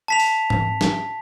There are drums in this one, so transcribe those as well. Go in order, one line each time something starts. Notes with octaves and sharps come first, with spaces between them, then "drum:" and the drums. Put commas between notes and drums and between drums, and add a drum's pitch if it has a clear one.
A5 B6 F7
drum: open hi-hat
drum: tom G#2
drum: snare